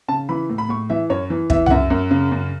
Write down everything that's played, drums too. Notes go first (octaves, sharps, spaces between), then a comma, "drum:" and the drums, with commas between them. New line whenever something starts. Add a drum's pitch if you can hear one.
C#3 A5
E3 B5
A2
B5
A2 C#6
E3 E5
F#2 C#5
E3
E3 E5, drum: kick
F#5, drum: tom C2
F#2 E5
F#2
C#3
F#2